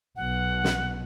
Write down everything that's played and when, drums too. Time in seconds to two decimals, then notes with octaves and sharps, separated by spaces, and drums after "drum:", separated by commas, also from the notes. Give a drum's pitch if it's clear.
0.16 B1 B2 F#5
0.64 drum: snare